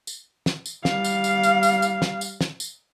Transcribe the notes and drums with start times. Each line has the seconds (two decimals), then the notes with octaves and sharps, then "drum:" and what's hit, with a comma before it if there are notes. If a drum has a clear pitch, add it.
0.07 drum: tambourine
0.46 drum: snare
0.66 drum: tambourine
0.85 G3 F5, drum: snare
1.05 drum: tambourine
1.24 drum: tambourine
1.43 drum: tambourine
1.63 drum: tambourine
1.82 drum: tambourine
2.02 drum: snare
2.21 drum: tambourine
2.41 drum: snare
2.60 drum: tambourine